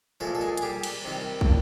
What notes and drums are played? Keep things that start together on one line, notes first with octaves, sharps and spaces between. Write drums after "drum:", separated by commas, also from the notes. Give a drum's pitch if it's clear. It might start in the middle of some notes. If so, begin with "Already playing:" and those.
A#2 F3 G#3 A3 A4
A4
G#3 G#4
G#4, drum: hi-hat
G3 G4
drum: cymbal
C3 D#3 G3
drum: kick